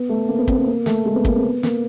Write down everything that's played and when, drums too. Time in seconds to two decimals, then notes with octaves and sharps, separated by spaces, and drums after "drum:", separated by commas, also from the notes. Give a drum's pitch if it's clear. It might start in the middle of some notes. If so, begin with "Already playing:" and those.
Already playing: B3
0.09 A3
0.28 A#3
0.38 B3
0.48 C4, drum: kick
0.58 B3
0.67 A#3
0.86 A3, drum: snare
1.05 G#3
1.15 B3
1.25 A#3, drum: kick
1.34 C4
1.44 B3
1.63 A#3, drum: snare